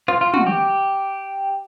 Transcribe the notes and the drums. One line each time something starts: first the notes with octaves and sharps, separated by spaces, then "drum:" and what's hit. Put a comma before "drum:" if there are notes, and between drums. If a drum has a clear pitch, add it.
F4, drum: rim click
F4
F#4, drum: tom
G4